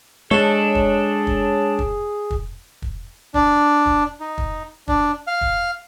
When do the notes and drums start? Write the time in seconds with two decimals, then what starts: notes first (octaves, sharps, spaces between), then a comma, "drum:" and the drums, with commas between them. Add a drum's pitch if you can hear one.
0.31 G#3 D4 G#4 A4 C#5
0.75 drum: kick
1.27 drum: kick
1.79 drum: kick
2.31 drum: kick
2.82 drum: kick
3.34 D4, drum: kick
3.86 drum: kick
4.20 D#4
4.38 drum: kick
4.88 D4, drum: kick
5.27 F5
5.41 drum: kick